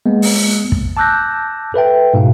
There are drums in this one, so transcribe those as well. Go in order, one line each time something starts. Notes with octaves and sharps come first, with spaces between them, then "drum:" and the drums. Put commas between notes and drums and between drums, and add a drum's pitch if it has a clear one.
G#3 A#3 B3
drum: open hi-hat
drum: kick
A5 D6 E6 F#6 G6 A#6
A4 B4 E5 G5
G#2 B2 F5